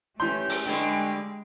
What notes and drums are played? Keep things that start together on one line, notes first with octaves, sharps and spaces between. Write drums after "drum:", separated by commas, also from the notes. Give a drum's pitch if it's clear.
E3 A3 C#4 G4 C6 G6
drum: open hi-hat
G2 D3 G3 G#3 G5